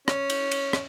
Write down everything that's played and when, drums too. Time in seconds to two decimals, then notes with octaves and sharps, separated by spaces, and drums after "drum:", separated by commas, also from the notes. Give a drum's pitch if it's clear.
0.08 C#4, drum: rim click
0.30 drum: cymbal
0.51 drum: cymbal
0.73 drum: rim click